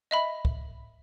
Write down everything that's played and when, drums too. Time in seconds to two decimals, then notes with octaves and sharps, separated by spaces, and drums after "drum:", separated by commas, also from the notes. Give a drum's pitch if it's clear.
0.11 D#5 E5 B5
0.45 drum: kick